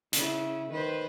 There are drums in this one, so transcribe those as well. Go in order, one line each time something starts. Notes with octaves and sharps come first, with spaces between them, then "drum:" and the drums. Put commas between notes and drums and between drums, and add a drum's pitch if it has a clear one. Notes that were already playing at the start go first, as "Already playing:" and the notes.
C#3 E4, drum: hi-hat
D#3 B4 C5